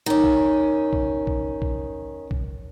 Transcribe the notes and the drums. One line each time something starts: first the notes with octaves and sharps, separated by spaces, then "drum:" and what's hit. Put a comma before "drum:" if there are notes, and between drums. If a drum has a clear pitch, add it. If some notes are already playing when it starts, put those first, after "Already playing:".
D#3 C#4
drum: kick A#1
drum: kick A#1
drum: kick A#1
drum: kick A#1
drum: kick A#1